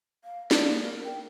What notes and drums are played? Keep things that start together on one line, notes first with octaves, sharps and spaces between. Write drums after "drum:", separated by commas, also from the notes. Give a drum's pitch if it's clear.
F5
D5, drum: snare
A#3
A#4
G5